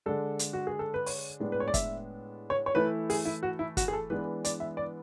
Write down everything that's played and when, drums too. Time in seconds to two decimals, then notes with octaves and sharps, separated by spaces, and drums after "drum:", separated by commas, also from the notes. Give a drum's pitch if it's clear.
0.06 D3 G#3 D4 A4
0.39 drum: hi-hat
0.53 F#4
0.67 G#4
0.79 A4
0.94 B4
1.06 C#5, drum: open hi-hat
1.40 A2 G#3 B3 D4
1.52 B4
1.60 C#5
1.68 D5
1.74 E5, drum: kick, hi-hat
2.50 C#5
2.66 C#5
2.75 E3 A3 E4 B4
3.10 G#4, drum: open hi-hat
3.25 E4
3.43 F#4
3.59 E4
3.77 F#4, drum: kick, hi-hat
3.88 G#4
3.93 A4
4.10 E3 G#3 B3 D4 B4
4.45 D5, drum: hi-hat
4.60 E5
4.77 D5